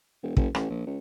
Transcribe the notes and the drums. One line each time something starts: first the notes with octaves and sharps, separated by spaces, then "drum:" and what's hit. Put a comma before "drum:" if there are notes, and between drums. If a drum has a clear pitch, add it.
E1
F#1, drum: kick
A1, drum: rim click
A#1
C#2